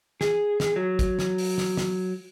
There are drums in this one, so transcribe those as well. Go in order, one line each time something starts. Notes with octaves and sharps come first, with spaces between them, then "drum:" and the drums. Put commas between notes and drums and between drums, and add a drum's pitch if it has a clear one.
G#4, drum: snare
drum: snare
F#3
drum: kick, hi-hat
drum: snare
drum: open hi-hat
drum: snare
drum: snare